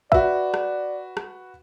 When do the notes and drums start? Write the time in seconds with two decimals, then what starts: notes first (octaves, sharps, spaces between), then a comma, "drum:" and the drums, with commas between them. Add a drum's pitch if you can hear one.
0.12 F#4 B4 D5 E5, drum: kick
0.54 drum: rim click
1.17 drum: rim click